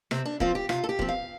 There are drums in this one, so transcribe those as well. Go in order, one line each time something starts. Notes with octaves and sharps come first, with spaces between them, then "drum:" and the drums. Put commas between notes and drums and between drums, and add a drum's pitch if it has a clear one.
C3 C4, drum: rim click
D4
F3 C4 F4, drum: kick
G4
C3 F4, drum: rim click
A4
G4
F3 C4, drum: kick
F5